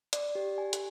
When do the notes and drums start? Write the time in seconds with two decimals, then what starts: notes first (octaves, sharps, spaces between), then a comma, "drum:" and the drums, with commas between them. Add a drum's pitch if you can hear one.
0.13 D5, drum: hi-hat
0.35 G4
0.58 G#5
0.73 drum: hi-hat